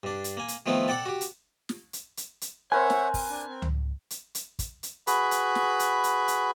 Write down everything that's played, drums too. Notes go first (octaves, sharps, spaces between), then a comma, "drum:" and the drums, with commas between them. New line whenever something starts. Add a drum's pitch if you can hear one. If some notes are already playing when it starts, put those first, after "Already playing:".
G2 D4
drum: hi-hat
A#3 G#5
drum: hi-hat
D#3 F3 A3 B3 C4 E4
A4 D5 F#5 G5 A5
F#4 G4
drum: hi-hat
drum: snare
drum: hi-hat
drum: hi-hat
drum: hi-hat
C4 A#4 B4 C#5 E5 F#5 G#5
drum: snare
drum: kick, open hi-hat
D4
C4
drum: tom C#2
drum: hi-hat
drum: hi-hat
drum: kick, hi-hat
drum: hi-hat
F#4 G#4 B4 B5, drum: hi-hat
drum: hi-hat
drum: snare
drum: hi-hat
drum: hi-hat
drum: hi-hat